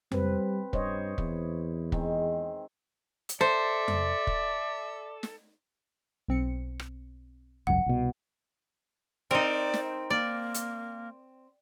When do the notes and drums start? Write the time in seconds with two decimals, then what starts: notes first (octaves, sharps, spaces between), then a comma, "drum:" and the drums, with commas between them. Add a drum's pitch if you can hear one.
0.12 G3 C4 B4, drum: tom F2
0.73 G2 C5 C#5 D#5, drum: kick
1.18 E2 E4, drum: kick
1.92 D#3 G#3 C4, drum: kick
3.29 drum: hi-hat
3.41 A4 C5 D5 E5
3.88 drum: tom F2
4.27 drum: kick
5.23 drum: snare
6.28 B1 C4 C#7
6.80 drum: rim click
7.67 G#1 C#2 F#2 F#5
7.86 C2 B2
9.31 C4 D#4 A#4 D5
9.74 drum: snare
10.10 A#3 D5
10.54 drum: hi-hat